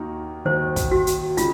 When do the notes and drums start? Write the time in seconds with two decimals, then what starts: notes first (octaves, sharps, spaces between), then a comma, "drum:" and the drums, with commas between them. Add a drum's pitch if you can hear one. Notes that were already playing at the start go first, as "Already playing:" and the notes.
Already playing: D#2 D#3 A#3 D#4 F#4
0.45 D#2 D#3 A#3 D#4 F#4 C5
0.76 drum: kick, hi-hat
0.91 F#4
1.07 drum: hi-hat
1.37 C#3 G#3 D#4 F4, drum: hi-hat